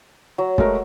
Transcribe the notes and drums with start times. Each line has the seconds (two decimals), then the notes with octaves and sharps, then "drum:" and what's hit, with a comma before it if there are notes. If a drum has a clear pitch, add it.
0.38 F#3
0.58 G#3 A3 A#4, drum: kick